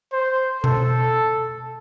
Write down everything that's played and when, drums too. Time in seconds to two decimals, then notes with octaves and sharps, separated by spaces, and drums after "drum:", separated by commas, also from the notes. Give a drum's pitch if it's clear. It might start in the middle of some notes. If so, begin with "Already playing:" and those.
0.13 C5
0.64 A4, drum: tom B2